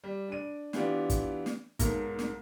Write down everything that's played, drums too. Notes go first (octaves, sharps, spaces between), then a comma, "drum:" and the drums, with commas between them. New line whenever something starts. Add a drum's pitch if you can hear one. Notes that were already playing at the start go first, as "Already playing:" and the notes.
G3
D4 D#7
E3 B3 D4 F4 G4, drum: snare
drum: kick, hi-hat
drum: snare
B1 G#2 A#4, drum: kick, hi-hat
drum: snare